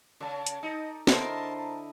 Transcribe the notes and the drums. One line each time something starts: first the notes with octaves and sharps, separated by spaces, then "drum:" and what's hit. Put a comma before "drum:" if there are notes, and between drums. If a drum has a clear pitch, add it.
C#3 D5 A5
drum: hi-hat
D#4 A4 D#5
D3 E4 A#4 C5 D#5 A5, drum: snare
A5